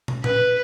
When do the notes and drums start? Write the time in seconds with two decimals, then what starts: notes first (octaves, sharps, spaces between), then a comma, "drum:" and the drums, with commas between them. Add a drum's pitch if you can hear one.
0.08 drum: tom
0.24 B4, drum: tom A#2